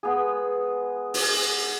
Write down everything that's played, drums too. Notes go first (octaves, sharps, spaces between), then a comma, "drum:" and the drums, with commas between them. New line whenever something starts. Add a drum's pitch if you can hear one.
G#3 B3 G#4
drum: open hi-hat